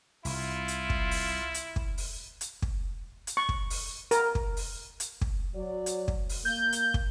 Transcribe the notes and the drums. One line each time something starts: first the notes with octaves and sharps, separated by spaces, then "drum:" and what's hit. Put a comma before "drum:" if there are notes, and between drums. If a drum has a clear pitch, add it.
C2 E4 F4, drum: open hi-hat
drum: hi-hat
drum: kick
drum: open hi-hat
drum: hi-hat
drum: kick
drum: open hi-hat
drum: hi-hat
drum: kick
drum: hi-hat
C#6
drum: kick
drum: open hi-hat
A#4, drum: hi-hat
drum: kick
drum: open hi-hat
drum: hi-hat
drum: kick
F#3 D5
drum: hi-hat
drum: kick
drum: open hi-hat
A#3 G6
drum: hi-hat
drum: kick